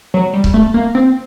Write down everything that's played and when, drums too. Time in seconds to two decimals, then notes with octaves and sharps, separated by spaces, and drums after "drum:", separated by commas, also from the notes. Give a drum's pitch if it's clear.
0.14 F#3
0.33 G3
0.44 drum: kick C#1
0.54 A3
0.74 A#3
0.95 C4